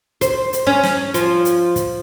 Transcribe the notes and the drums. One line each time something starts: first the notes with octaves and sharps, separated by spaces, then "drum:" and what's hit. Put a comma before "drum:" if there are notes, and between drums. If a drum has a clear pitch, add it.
C5, drum: kick, hi-hat
drum: hi-hat
C#4
drum: snare
F3, drum: hi-hat
drum: hi-hat
drum: kick, hi-hat